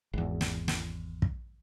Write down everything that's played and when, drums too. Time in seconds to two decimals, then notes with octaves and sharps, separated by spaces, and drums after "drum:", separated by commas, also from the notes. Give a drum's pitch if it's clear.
0.13 G#1 E2
0.41 drum: snare
0.68 drum: snare
1.22 drum: kick